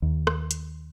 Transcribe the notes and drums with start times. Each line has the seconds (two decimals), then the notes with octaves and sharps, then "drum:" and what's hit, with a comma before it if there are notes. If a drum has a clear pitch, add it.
0.02 D#2
0.27 drum: rim click
0.51 drum: hi-hat